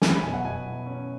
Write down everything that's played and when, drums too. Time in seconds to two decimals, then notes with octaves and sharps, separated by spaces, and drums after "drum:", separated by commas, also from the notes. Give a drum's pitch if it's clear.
0.02 F#3 G#5, drum: snare
0.13 B5
0.23 B2 G#5
0.34 F#5
0.45 B2 G#5
0.66 B2
0.86 C#4